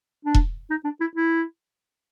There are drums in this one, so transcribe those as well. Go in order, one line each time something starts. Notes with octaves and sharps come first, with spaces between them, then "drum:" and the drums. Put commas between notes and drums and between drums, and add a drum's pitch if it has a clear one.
D4
drum: kick E1
D#4
D4
E4
E4